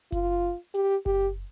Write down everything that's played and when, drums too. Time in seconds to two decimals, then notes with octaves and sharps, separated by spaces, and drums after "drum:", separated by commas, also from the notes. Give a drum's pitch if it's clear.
0.12 F4, drum: kick F#1, hi-hat
0.74 G4, drum: hi-hat
1.06 G4, drum: kick F#1